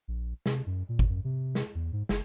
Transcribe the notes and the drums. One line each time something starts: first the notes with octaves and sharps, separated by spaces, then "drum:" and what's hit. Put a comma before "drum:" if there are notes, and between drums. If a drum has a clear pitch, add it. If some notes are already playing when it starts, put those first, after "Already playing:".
A#1
C3, drum: snare
F#2
A#2
drum: kick G#1
F#2
C3
drum: snare
E2
G#2
F#1, drum: snare